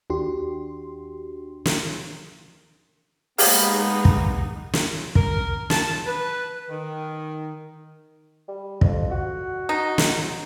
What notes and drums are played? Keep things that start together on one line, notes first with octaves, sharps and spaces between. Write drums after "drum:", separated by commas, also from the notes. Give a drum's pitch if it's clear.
D#2 D4 F#4 G4 C6
drum: snare
G#3 A#3 B3 D#4 G4 G#4 F5, drum: open hi-hat
drum: kick
drum: snare
A#4, drum: kick
A5, drum: snare
B4
D#3
G3
F2, drum: kick
F#4
D#4
drum: snare